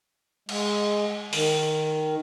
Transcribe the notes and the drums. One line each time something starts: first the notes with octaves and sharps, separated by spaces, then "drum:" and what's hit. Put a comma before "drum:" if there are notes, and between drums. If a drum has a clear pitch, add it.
G#3, drum: cymbal
D#3, drum: open hi-hat